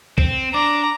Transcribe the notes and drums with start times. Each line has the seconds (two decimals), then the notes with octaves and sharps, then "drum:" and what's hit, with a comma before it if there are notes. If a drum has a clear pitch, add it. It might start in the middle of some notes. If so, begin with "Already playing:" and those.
0.18 C4, drum: kick
0.54 D4 A#5 D6